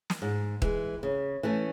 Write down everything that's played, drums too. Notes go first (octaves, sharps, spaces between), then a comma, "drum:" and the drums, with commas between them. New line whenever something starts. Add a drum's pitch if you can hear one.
drum: snare
G#2
E3 G#3, drum: kick D#1
C#3
E3 A3 C#4